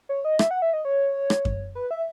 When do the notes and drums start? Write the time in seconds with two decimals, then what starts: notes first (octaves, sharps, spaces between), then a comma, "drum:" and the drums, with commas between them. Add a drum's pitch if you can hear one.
0.09 C#5
0.25 D#5
0.39 E5, drum: rim click
0.51 F#5
0.62 E5
0.73 D#5
0.85 C#5
1.30 drum: rim click
1.45 drum: kick F#2
1.75 B4
1.91 E5